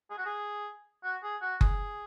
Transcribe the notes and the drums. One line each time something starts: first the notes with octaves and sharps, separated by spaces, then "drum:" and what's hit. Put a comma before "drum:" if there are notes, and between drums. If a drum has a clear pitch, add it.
G#4
F#4
G#4
F#4
G#4
F#4
G#4, drum: kick F#1